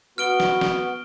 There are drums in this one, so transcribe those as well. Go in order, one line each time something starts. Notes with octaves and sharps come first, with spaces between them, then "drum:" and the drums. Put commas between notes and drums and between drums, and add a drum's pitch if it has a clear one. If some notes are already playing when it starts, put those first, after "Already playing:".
B3 F#4 F6 D7 G7
drum: snare
drum: snare